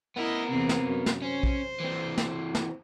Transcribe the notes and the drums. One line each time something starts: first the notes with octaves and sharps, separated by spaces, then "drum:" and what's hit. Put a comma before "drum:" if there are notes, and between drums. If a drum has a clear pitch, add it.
B3 E4 A#4 D#5
E2 C3 C4
drum: snare
F#2
drum: snare
C#4 C5
drum: kick A#1
E3 C4
drum: snare
drum: snare